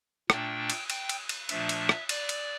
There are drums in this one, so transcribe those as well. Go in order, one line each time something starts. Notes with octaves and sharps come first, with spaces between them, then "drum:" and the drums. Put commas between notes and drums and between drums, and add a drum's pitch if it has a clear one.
A#2 A3 D4 G5, drum: rim click
drum: cymbal
G5, drum: cymbal
drum: cymbal
drum: cymbal
A#2 F3 A3 D4 E5, drum: cymbal
drum: cymbal
drum: rim click
D5, drum: cymbal
drum: cymbal